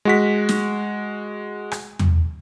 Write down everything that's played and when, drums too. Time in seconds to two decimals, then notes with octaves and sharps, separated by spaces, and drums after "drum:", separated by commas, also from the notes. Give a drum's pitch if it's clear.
0.05 G#3 F#4 B6
0.49 drum: snare
1.71 drum: rim click
1.99 drum: tom E2